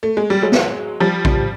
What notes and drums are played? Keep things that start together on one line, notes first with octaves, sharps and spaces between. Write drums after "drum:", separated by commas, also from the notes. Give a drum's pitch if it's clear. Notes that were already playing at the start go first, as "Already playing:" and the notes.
A3
G#3
G3
F#3 G#3
drum: snare
F3 G3
drum: kick A#1